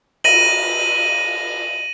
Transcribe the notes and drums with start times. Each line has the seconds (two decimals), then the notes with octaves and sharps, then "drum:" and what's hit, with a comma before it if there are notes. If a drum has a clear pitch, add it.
0.24 A#6 D#7 F#7, drum: cymbal